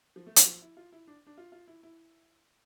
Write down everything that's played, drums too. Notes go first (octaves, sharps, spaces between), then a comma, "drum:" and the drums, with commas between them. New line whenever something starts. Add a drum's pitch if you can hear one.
F3
A3
A#3, drum: hi-hat
F3
E4
F4
E4
D4
D4
F4
F4
E4
E4